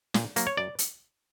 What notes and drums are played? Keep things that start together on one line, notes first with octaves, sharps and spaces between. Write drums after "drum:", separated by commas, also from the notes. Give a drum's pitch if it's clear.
A#2, drum: snare
F#3 A#3, drum: hi-hat
C#5
F#2 D5
drum: hi-hat